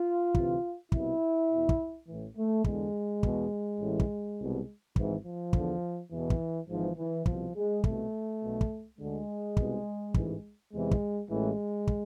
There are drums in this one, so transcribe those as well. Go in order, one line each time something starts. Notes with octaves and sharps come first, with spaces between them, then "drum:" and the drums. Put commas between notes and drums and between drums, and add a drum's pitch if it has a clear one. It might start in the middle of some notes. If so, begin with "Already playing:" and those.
Already playing: F4
D2 C3 E3, drum: kick
C2 B2 E4, drum: kick
E2 B2
drum: kick
A1 A2 E3
A3
E2 D3 G#3, drum: kick
E2 B2, drum: kick
A1 A2 E3
drum: kick
C2 B2
G#1 G#2 E3, drum: kick
F3
E2 D3, drum: kick
E2 B2 E3
drum: kick
G#1 G#2 E3 F3
E3
C2 B2 F3, drum: kick
G#3
C2 B2 A3, drum: kick
B1 B2
drum: kick
D2 D3 G#3
C2 B2, drum: kick
A1 G#2 E3, drum: kick
E2 C3 E3 G#3
drum: kick
A1 A2 E3 G#3
drum: kick